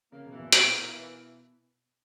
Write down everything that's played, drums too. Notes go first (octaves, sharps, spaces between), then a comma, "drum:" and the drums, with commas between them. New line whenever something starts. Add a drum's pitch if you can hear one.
C#3 A#3
B2
E3
A#2
B2 E4, drum: hi-hat
A#3
E3